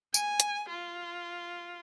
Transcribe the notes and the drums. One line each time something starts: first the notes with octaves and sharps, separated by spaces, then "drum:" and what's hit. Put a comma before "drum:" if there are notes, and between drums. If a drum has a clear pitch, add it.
G#5, drum: tambourine
drum: hi-hat
F4